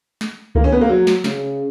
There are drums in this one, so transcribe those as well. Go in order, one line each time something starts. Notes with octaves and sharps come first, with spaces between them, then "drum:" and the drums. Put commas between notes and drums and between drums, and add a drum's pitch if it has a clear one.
drum: snare
D#3 A#3, drum: kick C#2
C#4
B3
A#3
F#3
drum: snare
C#3, drum: snare